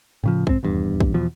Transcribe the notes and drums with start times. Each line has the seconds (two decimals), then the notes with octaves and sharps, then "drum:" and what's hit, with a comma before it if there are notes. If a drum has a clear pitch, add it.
0.24 A2 C#3 F3
0.47 G#2 C4, drum: kick
0.63 D#1 E2 G2
1.00 drum: kick
1.14 E2 B2 F3